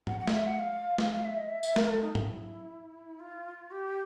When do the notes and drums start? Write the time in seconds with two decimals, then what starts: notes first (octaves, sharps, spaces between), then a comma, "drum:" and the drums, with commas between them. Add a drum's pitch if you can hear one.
0.07 F#5, drum: tom G#2
0.20 F#5
0.27 D#5, drum: snare
0.33 E5
0.46 F#5
0.59 F5
0.98 drum: snare
1.12 F5
1.24 E5
1.37 D#5
1.49 E5
1.63 E5, drum: tambourine
1.76 A#4, drum: snare
1.90 A4
2.02 D#4
2.15 E4, drum: tom G#2
3.19 F4
3.71 G4